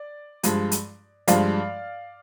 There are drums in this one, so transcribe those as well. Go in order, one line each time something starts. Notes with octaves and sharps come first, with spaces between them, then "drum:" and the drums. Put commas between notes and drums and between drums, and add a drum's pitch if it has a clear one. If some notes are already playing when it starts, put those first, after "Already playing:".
Already playing: D5
G2 F3 G#3, drum: hi-hat
drum: hi-hat
G2 F3 G#3 D5 F5, drum: hi-hat